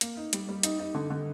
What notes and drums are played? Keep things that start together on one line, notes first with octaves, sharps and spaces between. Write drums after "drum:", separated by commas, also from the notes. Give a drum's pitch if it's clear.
A#3, drum: hi-hat
D#4
G3, drum: hi-hat
G3
D#4, drum: hi-hat
D#4
D3
D3